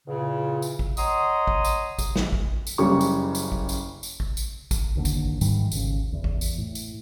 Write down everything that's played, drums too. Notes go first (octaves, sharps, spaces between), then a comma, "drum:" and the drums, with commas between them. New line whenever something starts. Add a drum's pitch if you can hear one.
E2 A#2 C#3
drum: tambourine
drum: kick A1
C#5 D#5 F#5 A#5 C6 D#6, drum: tambourine
drum: kick A1
drum: tambourine
drum: kick A1, tambourine
drum: snare
drum: kick A1
drum: tambourine
F#1 C#3 G3 C#6
drum: tambourine
drum: tambourine
drum: kick A1
drum: tambourine
drum: tambourine
drum: kick A1
drum: tambourine
drum: kick A1, tambourine
F#1 D#2 D3 A#3
drum: kick A1, tambourine
G#2 D#3 E3 G3, drum: tambourine
G#1 D#2 C#3, drum: tambourine
E2
drum: kick A1
drum: tambourine
A2
drum: tambourine